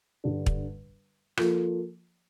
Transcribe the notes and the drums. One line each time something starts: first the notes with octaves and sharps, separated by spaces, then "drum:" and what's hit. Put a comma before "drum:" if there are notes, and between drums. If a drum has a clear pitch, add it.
G2 D3 G3 D4
drum: kick
F3 A#3 F4 A4, drum: rim click